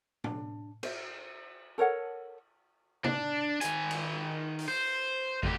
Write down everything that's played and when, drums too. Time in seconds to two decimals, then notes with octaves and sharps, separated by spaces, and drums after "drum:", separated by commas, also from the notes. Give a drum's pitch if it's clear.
0.24 D4, drum: tom A2
0.83 C5 E5, drum: cymbal
1.78 A4 A#4 C#5 F#5
3.04 D4, drum: tom
3.61 D#3 G#5, drum: hi-hat
3.91 drum: cymbal
4.59 drum: open hi-hat
4.68 C5
5.43 D2 G4, drum: kick